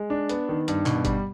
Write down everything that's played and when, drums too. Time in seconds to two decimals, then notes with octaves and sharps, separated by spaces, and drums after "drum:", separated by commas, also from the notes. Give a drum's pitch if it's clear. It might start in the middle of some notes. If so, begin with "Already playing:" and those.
Already playing: G#3
0.10 D4
0.29 B3, drum: hi-hat
0.49 D#3
0.68 G2, drum: hi-hat
0.86 B2, drum: clap
1.05 G3, drum: kick, hi-hat